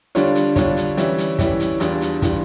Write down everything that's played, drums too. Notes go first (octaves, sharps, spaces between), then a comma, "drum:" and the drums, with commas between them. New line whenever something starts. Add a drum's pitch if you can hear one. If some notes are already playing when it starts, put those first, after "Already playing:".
D3 G3 D4 F4 C#5, drum: hi-hat
drum: hi-hat
D3 G3 D4 F4 C#5, drum: kick, hi-hat
drum: hi-hat
E3 G3 C#4 E4, drum: hi-hat
drum: hi-hat
E3 G3 C#4 E4, drum: kick, hi-hat
drum: hi-hat
E2 E3 G3 D4 F4, drum: hi-hat
drum: hi-hat
E3 G3 D4 F4, drum: kick, hi-hat